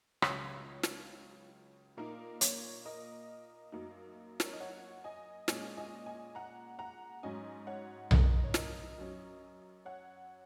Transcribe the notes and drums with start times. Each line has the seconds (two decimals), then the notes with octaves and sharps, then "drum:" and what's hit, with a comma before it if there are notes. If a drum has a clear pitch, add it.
0.22 C#2 C#3 F#3 C#5, drum: rim click
0.83 drum: snare
1.97 A#2 A#3 D#4 A#4
2.41 C#5, drum: hi-hat
2.85 A#4 D#5
3.72 F#2 F#3 A#3 D#4
4.40 A#4, drum: snare
4.46 C#5
4.53 D#5
4.60 C#5 F#5
5.04 D#5 G#5
5.48 A#2 G#3 C#4 D#5 G#5, drum: snare
5.77 D#5 G#5
6.06 D#5 G#5
6.35 F#5 A#5
6.79 F#5 A#5
7.23 G#2 F#3 C#4 D#5 G#5
7.67 C#5 F#5
8.11 A#4 D#5, drum: tom B1
8.44 C#5
8.54 A#4 D#5, drum: snare
8.98 F#2 F#3 C#4
9.85 C#5 F#5